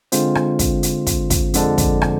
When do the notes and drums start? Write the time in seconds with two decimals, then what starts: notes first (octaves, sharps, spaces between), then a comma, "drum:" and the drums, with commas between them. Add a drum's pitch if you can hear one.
0.12 D3 G#3 C4 F4 C5, drum: hi-hat
0.35 drum: rim click
0.59 drum: kick, hi-hat
0.83 drum: hi-hat
1.07 drum: kick, hi-hat
1.30 drum: kick, hi-hat
1.54 F2 D3 F3 G#3 D4, drum: hi-hat
1.78 drum: kick, hi-hat
2.02 drum: rim click